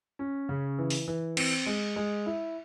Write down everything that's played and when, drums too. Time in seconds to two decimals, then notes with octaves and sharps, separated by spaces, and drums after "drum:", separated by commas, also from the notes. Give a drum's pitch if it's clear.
0.19 C#4
0.49 C#3
0.78 E3
0.90 drum: open hi-hat
1.08 E3
1.37 C4, drum: cymbal
1.66 G#3
1.96 G#3
2.26 E4